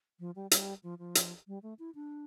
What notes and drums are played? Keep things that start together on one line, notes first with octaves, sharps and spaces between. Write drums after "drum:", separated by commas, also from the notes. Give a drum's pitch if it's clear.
F3
G3
G3, drum: hi-hat
F3
F3
drum: hi-hat
G3
A3
E4
D4